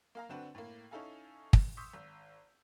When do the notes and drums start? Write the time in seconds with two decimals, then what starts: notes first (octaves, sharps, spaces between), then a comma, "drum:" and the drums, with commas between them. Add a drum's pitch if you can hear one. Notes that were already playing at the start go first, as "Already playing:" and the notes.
0.15 A#3 F5 A#5
0.29 D3 C4 D4 F#4 B4
0.55 A2 A#3
0.91 C#4 D#4 E4 A4 F5 G#5
1.53 drum: kick
1.77 C6 C#6 D#6 E6 G6 B6
1.94 G#1